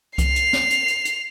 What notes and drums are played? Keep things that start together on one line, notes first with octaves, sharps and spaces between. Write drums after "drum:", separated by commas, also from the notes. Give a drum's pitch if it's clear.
C7 F7, drum: kick C2, hi-hat
drum: hi-hat
drum: snare
drum: hi-hat
drum: hi-hat
drum: hi-hat